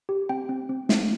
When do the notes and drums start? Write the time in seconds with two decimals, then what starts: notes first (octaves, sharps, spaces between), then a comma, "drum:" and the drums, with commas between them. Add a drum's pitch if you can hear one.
0.09 G4
0.29 C4 G5
0.49 C4
0.69 C4
0.89 C4, drum: snare